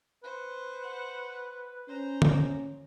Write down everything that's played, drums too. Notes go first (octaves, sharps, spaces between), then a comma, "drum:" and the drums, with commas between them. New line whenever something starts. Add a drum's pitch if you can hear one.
B4 C5 C#6
F#5
C#4 C5 A#5
drum: tom D3